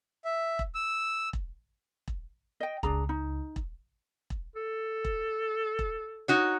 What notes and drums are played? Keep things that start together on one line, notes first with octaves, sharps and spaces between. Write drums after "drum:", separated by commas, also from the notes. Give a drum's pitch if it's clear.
E5
drum: kick E1
E6
drum: kick E1
drum: kick E1
D#5 G5
C#2 D4 G#4 A#5, drum: kick E1
D#4
drum: kick E1
drum: kick E1
A4
drum: kick E1
drum: kick E1
D#4 F#4 C#5